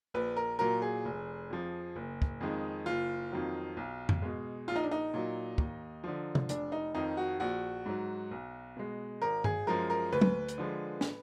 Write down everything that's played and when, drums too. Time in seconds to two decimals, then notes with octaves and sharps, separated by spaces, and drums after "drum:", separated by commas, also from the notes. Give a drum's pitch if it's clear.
0.14 A#1 B4
0.37 A#4
0.59 A#2 F#3 A#4
0.82 G#4
1.05 F1
1.50 F2 F3
1.96 F#1
2.22 drum: kick
2.41 F2 D#3 G#3
2.86 F#1 F4
3.32 F2 D#3 F#3
3.77 B1
4.09 drum: tom F2
4.22 B2 G#3
4.68 A#1 F4
4.76 D#4
4.83 D4
4.91 D#4
5.14 A#2 F#3
5.58 D#2, drum: kick
6.04 D3 F3
6.35 drum: tom
6.49 F1 D4, drum: hi-hat
6.72 D#4
6.95 F2 D#3 D#4
7.17 F#4
7.40 A#1 F#4
7.86 G#2 F#3
8.31 B1
8.76 B2 G#3
9.22 G#1 A#4
9.44 G#4, drum: tom G2
9.67 F#2 F3 G#3 A#4
9.90 A#4
10.12 D2 B4
10.21 drum: tom
10.48 drum: hi-hat
10.58 D3 F3 G#3
11.01 drum: snare